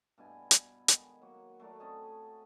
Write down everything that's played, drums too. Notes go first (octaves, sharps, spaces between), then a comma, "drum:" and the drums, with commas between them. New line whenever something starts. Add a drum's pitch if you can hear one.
G2 B2 E4 G#5
drum: hi-hat
D#3 G#3 B5, drum: hi-hat
F#3 A#3 F#4
F#3 A3 A#4 D5
C4 C#4 A4 D#5